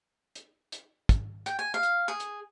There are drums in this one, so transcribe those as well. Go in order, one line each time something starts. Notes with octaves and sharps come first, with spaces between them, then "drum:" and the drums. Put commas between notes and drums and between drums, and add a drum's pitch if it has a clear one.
drum: hi-hat
drum: hi-hat
drum: kick, hi-hat
G5, drum: hi-hat
G#5
F5
drum: hi-hat
G#4
drum: hi-hat